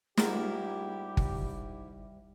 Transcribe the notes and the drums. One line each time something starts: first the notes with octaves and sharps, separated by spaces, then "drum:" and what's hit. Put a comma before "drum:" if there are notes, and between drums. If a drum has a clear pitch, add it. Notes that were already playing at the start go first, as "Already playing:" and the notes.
G#2 G3 E4 F4 G4 G#4 A#4, drum: snare
drum: kick G1